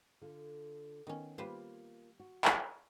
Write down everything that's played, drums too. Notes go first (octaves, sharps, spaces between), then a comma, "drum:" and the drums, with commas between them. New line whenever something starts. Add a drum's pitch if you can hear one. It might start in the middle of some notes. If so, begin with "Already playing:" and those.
D3 F4 A4
D#3 B3 C#4
G3 A#3 F4 B4 C5
F#4
A#4, drum: clap